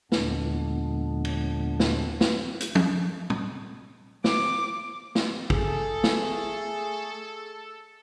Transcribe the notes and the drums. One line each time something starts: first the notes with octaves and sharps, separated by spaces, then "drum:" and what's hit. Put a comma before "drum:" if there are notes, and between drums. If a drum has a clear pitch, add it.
D#2 A#2 D3 G#3 B3 D4, drum: snare
drum: cymbal
drum: snare
drum: snare
drum: hi-hat
drum: tom
drum: tom
D6, drum: snare
drum: snare
A3 G#4 A4, drum: kick
drum: snare